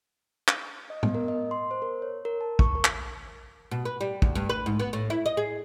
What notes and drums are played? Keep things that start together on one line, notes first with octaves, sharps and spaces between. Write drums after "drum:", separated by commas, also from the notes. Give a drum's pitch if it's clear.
drum: clap
D#5
B3, drum: tom A2
A#4
D#5
C6
C5
A#4
C#5
A#4
A5
C#6, drum: kick
A#4
drum: clap
B2
B4
G3
D2, drum: kick
G2
B4
G#2
B3
A2
E4
D#5
G#4